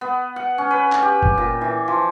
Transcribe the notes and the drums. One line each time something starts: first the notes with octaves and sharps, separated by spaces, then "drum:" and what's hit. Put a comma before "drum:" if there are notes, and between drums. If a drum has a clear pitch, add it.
B3
F#5
C#4
B4
drum: clap
G4
drum: kick F#1
A#2
E3
F3